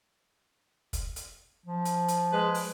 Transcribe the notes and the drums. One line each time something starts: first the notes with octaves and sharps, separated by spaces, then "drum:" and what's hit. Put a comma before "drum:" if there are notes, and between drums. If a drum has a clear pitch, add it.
drum: kick, hi-hat
drum: hi-hat
F3
drum: hi-hat
drum: hi-hat
G#3 B4
drum: open hi-hat